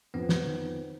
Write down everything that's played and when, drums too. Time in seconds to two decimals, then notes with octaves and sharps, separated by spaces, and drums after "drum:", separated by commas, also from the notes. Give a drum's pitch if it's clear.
0.14 F2 B3
0.29 drum: snare
0.46 D#3